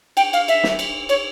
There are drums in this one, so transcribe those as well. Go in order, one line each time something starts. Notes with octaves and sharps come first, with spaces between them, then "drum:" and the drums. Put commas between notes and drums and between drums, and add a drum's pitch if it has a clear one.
G5, drum: cymbal
F5, drum: cymbal
E5, drum: cymbal
drum: snare
drum: cymbal
C#5, drum: cymbal